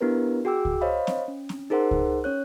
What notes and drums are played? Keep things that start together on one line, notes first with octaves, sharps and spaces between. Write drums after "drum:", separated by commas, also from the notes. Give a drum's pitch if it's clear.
B3 D4 E4 G4 A#4 B4
F#4 G#4 G5 D6 E6
drum: kick C#2
C5 C#5 D#5 F5 B5
drum: snare C4
C#4
drum: snare C4
D#4 G#4 A#4 C5 F#5 C6
drum: kick C#2
C#4 C#5 F#6